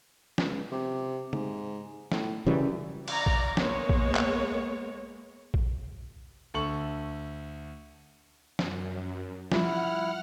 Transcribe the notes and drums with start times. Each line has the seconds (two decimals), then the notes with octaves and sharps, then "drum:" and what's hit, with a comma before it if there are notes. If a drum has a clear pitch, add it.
0.38 C#2, drum: snare
0.72 C3
1.33 G#2, drum: tom C#3
2.12 A2, drum: snare
2.46 F#2 C#3 E3 G3
3.08 D5 A#5, drum: cymbal
3.26 drum: kick A1
3.57 G#3 A#3 B3 C#5, drum: snare
3.89 drum: kick A1
4.15 drum: clap
5.54 drum: kick A1
6.54 D2 A4 C#6 F#7
8.59 F#2, drum: snare
9.52 F3 G3 E4 F4 F#5 F6, drum: snare